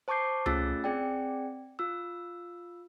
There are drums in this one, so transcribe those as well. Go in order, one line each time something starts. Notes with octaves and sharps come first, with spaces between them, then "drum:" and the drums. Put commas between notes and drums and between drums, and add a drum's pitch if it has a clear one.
C5 A5 C#6 D6 G6 C7
A3 C#4 F4 G#4 E6 A6, drum: tom C#2
C4 G#4 D5 G5
F4 E6